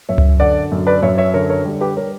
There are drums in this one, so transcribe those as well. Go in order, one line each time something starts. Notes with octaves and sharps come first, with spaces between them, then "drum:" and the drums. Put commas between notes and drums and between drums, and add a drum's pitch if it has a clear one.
F#2 C#5 E5
drum: tom C#2
D3 D5 F#5
F#2
B4 D5
F#2 C#5 E5
C#5 E5
D3 A#4 C#5
A#4 C#5
G3
G4 B4
G3 A#4 C#5